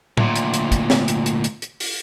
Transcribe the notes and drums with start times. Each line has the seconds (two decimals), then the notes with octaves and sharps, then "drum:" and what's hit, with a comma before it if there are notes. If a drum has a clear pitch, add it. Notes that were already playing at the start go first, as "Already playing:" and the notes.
0.17 D2 A#2, drum: tom A2
0.36 drum: hi-hat
0.54 drum: hi-hat
0.72 drum: kick, hi-hat
0.90 drum: snare
1.08 drum: hi-hat
1.26 drum: hi-hat
1.44 drum: hi-hat
1.62 drum: hi-hat
1.80 drum: open hi-hat